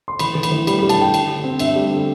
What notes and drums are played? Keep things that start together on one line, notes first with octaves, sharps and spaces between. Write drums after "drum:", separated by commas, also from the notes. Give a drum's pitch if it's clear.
C6
E3 B5, drum: cymbal
E3
B5, drum: cymbal
E3
G3 B5, drum: cymbal
B5
G3
A5, drum: cymbal
G2 G5
D3, drum: cymbal
D3
C4
G2 E5, drum: cymbal
G3
D3